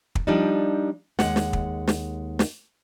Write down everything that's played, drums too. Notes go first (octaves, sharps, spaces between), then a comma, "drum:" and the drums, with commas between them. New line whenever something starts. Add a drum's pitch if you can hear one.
drum: kick
F3 G3 D4 D#4
D#2 G#3 F#5, drum: snare
drum: snare
drum: kick
drum: snare
drum: snare